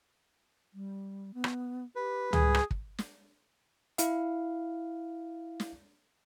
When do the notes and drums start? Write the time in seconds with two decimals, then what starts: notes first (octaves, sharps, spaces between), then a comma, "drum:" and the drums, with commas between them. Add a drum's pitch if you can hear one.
0.74 G3
1.34 B3
1.44 drum: rim click
1.96 G4 B4
2.33 G3 G#4, drum: tom C#2
2.55 drum: rim click
2.71 drum: kick
2.98 drum: snare
3.98 E4 F5, drum: hi-hat
5.60 drum: snare